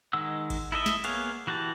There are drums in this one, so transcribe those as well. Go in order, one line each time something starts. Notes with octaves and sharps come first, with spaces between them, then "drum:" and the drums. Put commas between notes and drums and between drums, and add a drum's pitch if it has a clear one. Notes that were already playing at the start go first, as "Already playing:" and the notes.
D#3 G#3 D#5 F#5 E6
drum: kick A1, cymbal
E4 A4 D#5 E5
drum: snare
A#3 B3 G#4 C#5 F5, drum: cymbal
E3 F#4 G4 A5